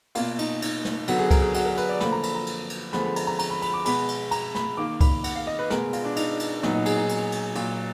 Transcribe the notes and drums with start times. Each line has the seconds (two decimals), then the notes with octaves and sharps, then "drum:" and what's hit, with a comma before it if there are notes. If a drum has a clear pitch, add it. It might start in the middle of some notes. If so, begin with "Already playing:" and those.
0.15 B2 A#3 F4, drum: cymbal
0.39 D#4, drum: cymbal
0.62 D#4, drum: cymbal
0.85 drum: snare
1.08 D3 F#3 B3 F#4, drum: cymbal
1.19 G#4
1.31 A#4, drum: kick C2, cymbal
1.42 G#4
1.54 F#4, drum: cymbal
1.66 A#4
1.77 B4, drum: cymbal
1.89 D5
2.00 D3 F3 A#3 B5, drum: snare
2.12 A#5
2.23 B5, drum: cymbal
2.35 A#5
2.47 drum: cymbal
2.70 drum: cymbal
2.93 D3 F3 G#3 B3 B5, drum: snare
3.04 B5
3.16 A#5, drum: cymbal
3.27 A#5
3.39 A#5, drum: cymbal
3.50 B5
3.62 B5, drum: cymbal
3.74 D6
3.85 B2 G#3 B3 B5, drum: cymbal
4.08 drum: cymbal
4.31 A#5, drum: cymbal
4.55 B5, drum: snare
4.77 D#3 A#3 D6
5.01 B5, drum: kick C2, cymbal
5.24 F#5, drum: cymbal
5.36 F5
5.47 D#5
5.59 B4
5.70 B2 G#3 B3 A#4, drum: snare
5.93 F4, drum: cymbal
6.05 D4
6.16 D#4, drum: cymbal
6.40 drum: cymbal
6.63 A#2 F#3 B3 D#4, drum: snare
6.74 D#4
6.86 G#4, drum: cymbal
6.97 D#4
7.09 drum: cymbal
7.32 drum: cymbal
7.55 A#2 F#3 A#3, drum: cymbal